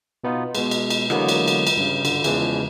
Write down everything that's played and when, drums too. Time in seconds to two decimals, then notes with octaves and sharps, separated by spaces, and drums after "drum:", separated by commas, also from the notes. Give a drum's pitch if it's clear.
0.24 B2 B3 D#4 F4
0.55 B2 G#3, drum: cymbal
0.71 drum: cymbal
0.90 drum: cymbal
1.10 D3 E3 F#3 G#3 A#3 B3, drum: rim click
1.29 drum: cymbal
1.48 drum: cymbal
1.67 drum: cymbal
1.77 G2 C#3
2.05 D3, drum: cymbal
2.24 E2 C#3 E3 F3 G#3, drum: cymbal